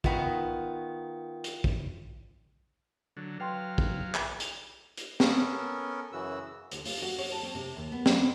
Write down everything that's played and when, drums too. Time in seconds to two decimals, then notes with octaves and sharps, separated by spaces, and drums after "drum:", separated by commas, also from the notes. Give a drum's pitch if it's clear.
0.04 D#3 B3 F4 G5, drum: kick
1.44 drum: hi-hat
1.64 drum: kick
3.17 D3 F#3
3.40 F#3 B4 F5 G5 C6
3.78 drum: kick
4.15 drum: clap
4.40 drum: hi-hat
4.97 drum: hi-hat
5.20 B3 C#4 A4 A#4, drum: snare
6.12 F#2 C#3 E3 F#4 E6
6.71 D2, drum: hi-hat
6.85 F4, drum: open hi-hat
7.02 F#4
7.18 C#5, drum: open hi-hat
7.32 A4
7.43 C4
7.55 C3
7.77 D#2
7.92 B3
8.06 F#3, drum: snare
8.20 B4